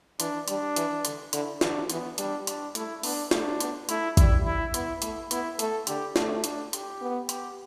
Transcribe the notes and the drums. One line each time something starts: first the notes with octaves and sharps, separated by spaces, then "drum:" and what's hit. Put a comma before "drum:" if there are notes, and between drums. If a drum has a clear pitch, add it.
E3 D4, drum: hi-hat
G3 D4, drum: hi-hat
E3, drum: hi-hat
D3, drum: hi-hat
D3 E4, drum: hi-hat
E3 D4, drum: snare
E3 B3, drum: hi-hat
G3 D4, drum: hi-hat
D4, drum: hi-hat
A3 E4, drum: hi-hat
B3 D4, drum: open hi-hat
A3 D4, drum: snare
B3, drum: hi-hat
A3 E4, drum: hi-hat
G3 E4, drum: kick A1, hi-hat
E4
B3 E4, drum: hi-hat
A3 E4, drum: hi-hat
B3 E4, drum: hi-hat
A3 A4, drum: hi-hat
D3 G4, drum: hi-hat
A3 D4, drum: snare
D4, drum: hi-hat
G4, drum: hi-hat
B3
G4, drum: hi-hat